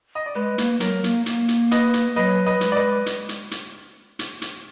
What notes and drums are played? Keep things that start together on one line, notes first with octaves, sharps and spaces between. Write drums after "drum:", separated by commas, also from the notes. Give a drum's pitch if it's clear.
D#5
D5
G#3 B4
A#3, drum: hi-hat
F#3 A#4, drum: hi-hat
A#3, drum: hi-hat
A#3, drum: hi-hat
drum: hi-hat
B4 D#5, drum: hi-hat
drum: hi-hat
F#3 B4 D#5
B4 D#5
G#3, drum: hi-hat
D5
B4 D#5
drum: hi-hat
drum: hi-hat
drum: hi-hat
drum: hi-hat
drum: hi-hat